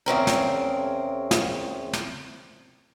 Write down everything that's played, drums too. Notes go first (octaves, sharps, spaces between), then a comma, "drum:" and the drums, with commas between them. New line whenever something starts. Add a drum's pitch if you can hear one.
E2 C#3 C4 A#4
drum: snare
drum: snare
drum: snare